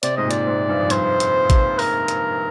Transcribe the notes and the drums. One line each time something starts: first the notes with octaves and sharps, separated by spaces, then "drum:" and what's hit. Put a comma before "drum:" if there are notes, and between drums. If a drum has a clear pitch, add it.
C3 D5, drum: hi-hat
G#2 D#5
A#2
D5, drum: hi-hat
G#2
G2
F2
G2 C5, drum: hi-hat
drum: hi-hat
drum: kick A1, hi-hat
A#4, drum: open hi-hat
drum: hi-hat